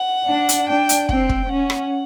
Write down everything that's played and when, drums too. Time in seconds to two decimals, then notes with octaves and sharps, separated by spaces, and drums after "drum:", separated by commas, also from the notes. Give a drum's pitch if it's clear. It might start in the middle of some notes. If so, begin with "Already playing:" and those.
Already playing: F#5
0.28 D4
0.49 drum: hi-hat
0.69 D4 G5
0.89 drum: hi-hat
1.09 C4 G5, drum: kick
1.29 drum: kick
1.49 C#4 F#5
1.70 drum: rim click